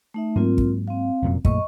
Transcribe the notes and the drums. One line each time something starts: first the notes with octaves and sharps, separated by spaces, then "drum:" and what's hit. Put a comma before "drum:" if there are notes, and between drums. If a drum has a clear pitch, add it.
A3 D#4 E5
G#2 F#3 A#3 C4 F4 A#4
drum: kick
C4 F5
F1 F#2 A#2
F#2 A#2 A3 D#5 C#6, drum: kick